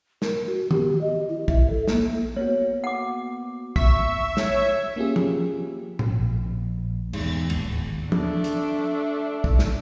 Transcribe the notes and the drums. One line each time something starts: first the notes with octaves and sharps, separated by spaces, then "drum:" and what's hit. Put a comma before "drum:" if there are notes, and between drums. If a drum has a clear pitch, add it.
A#4, drum: snare
F#4
G4, drum: tom D#3
D#5
E4
E5, drum: kick A#1
A4
A#3, drum: snare
A#3 B3 F#4 C#5
F#5 D6
E5 C#6, drum: kick A#1
C#5, drum: snare
A#3 C#4 F4 G4 G#4
drum: tom
drum: tom A2
A#1
E2 G#2, drum: cymbal
D1 G#1 D#2 G#3, drum: cymbal
A3 D4, drum: tom
drum: hi-hat
drum: kick A#1
drum: snare